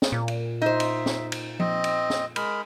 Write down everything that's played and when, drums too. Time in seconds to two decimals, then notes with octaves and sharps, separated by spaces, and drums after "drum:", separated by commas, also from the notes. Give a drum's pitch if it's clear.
0.02 drum: snare
0.12 A#2
0.28 drum: cymbal
0.62 D#4 C5 E5
0.80 drum: cymbal
1.06 drum: snare
1.32 drum: cymbal
1.60 C4 D#5, drum: tom F3
1.84 drum: cymbal
2.10 drum: snare
2.36 G#3 A#4 B5, drum: cymbal